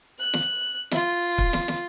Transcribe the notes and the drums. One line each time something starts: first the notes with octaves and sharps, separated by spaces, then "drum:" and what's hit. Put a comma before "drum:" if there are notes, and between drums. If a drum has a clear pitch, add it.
F#6
drum: snare
F4, drum: snare
drum: kick
drum: snare
drum: snare